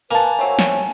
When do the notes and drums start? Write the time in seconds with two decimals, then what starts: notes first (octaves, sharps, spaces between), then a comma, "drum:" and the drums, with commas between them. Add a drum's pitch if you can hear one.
0.11 A#3 A#4 B4 G#5 A5
0.39 A3 C4 F#4 C#5
0.59 drum: snare